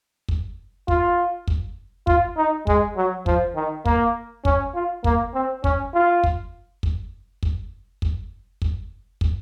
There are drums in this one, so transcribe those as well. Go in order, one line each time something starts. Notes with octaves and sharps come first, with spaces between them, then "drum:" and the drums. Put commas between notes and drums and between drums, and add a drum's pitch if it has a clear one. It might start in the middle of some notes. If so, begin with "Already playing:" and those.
drum: kick
F4, drum: kick
drum: kick
F4, drum: kick
D#4
G#3, drum: kick
F#3
F3, drum: kick
D#3
A#3, drum: kick
C#4, drum: kick
F4
A#3, drum: kick
C4
C#4, drum: kick
F4
drum: kick
drum: kick
drum: kick
drum: kick
drum: kick
drum: kick